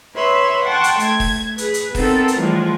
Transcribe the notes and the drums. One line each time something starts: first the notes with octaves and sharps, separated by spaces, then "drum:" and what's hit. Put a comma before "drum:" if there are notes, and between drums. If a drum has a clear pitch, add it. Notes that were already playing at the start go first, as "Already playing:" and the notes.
B4 C#5 E5 B5 C6
F#5 G5 A5 C6 C#6
drum: hi-hat
A3 G#6, drum: hi-hat
drum: kick, open hi-hat
G#4 B4, drum: hi-hat
drum: hi-hat
B3 C4 D#4 A4 A#4, drum: kick, open hi-hat
drum: hi-hat
A2 E3 F3 G3 G#3